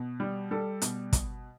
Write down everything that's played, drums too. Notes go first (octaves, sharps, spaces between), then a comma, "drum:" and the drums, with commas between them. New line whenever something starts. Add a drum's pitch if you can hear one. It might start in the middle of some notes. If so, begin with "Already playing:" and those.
Already playing: B2
G3
G3 A4
B2, drum: hi-hat
drum: kick, hi-hat